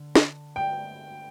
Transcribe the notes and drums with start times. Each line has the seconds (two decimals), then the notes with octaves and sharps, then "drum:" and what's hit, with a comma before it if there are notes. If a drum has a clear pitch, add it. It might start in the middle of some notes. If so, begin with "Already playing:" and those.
Already playing: D3
0.15 drum: snare
0.56 G5